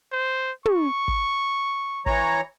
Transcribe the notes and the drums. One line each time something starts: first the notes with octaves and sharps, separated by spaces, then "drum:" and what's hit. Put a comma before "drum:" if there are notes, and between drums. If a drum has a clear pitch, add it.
C5
C#6, drum: tom
drum: kick
E3 C#5 A#5, drum: kick